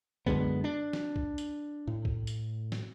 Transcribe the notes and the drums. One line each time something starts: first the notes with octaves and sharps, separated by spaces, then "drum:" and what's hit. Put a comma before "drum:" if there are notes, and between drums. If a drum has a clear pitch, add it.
F#2 D3 G#3 B3, drum: kick
D4
drum: snare
drum: kick
drum: hi-hat
A2
drum: kick
drum: hi-hat
drum: snare